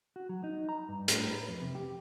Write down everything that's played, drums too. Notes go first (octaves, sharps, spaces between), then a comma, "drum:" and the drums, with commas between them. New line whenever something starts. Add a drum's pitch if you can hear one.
F#4
F#3
D#4
A#5
G2
A2, drum: hi-hat
B4
F2
C3
G4